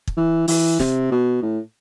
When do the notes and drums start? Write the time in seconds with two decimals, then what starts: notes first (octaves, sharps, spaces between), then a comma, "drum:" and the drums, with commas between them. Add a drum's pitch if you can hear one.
0.07 drum: kick
0.17 E3
0.48 E3, drum: open hi-hat
0.79 C3, drum: snare
1.12 B2
1.42 A2